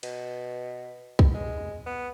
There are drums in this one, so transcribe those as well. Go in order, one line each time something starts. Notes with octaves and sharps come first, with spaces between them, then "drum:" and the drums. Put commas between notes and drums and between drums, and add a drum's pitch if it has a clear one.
B2, drum: cymbal
drum: kick C2
G#3
B3